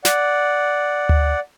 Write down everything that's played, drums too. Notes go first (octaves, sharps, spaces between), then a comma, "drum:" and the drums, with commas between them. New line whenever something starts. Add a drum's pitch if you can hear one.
D5 F#5, drum: snare
drum: tom D2